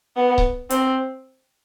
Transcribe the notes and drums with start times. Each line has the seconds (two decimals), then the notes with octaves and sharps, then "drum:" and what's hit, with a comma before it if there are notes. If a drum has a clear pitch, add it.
0.17 B3
0.38 drum: kick C#1
0.70 C4, drum: hi-hat